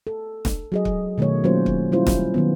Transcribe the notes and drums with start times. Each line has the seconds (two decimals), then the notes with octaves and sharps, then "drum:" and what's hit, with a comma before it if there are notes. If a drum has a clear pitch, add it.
0.07 A4
0.45 drum: snare E1
0.72 F#3 G#4 D#5
0.85 drum: kick
1.18 B2 D#3 A3 D#4 C#5
1.44 F#3 A#3 C#4 F4 C5
1.66 drum: kick
1.92 F#3 G3 C#4 E4 F4 C5
2.07 drum: snare E1
2.34 D#3 F#3 B3